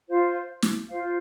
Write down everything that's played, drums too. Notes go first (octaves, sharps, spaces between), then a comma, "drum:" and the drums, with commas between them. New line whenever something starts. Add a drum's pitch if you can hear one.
F4 C5 F5
drum: snare
F4 C5 F5